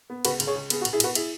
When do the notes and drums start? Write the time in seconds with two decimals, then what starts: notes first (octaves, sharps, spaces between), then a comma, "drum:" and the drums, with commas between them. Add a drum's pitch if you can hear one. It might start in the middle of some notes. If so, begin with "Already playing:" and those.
0.10 B3
0.25 C#2 F#4 B4, drum: cymbal
0.40 C#2, drum: cymbal
0.47 G#4 C#5
0.55 C#2
0.70 B3 G#4, drum: cymbal
0.81 F#4
0.85 B1, drum: cymbal
0.93 E4 G#4
1.00 B1 F#4 B4, drum: cymbal
1.15 E4 G#4, drum: cymbal